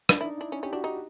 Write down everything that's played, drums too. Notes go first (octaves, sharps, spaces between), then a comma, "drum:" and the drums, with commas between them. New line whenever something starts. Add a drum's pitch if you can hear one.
D4 F4, drum: rim click
E4
D#4
D4 E4
C#4
C#4 G4
D4 F#4
D#4 G4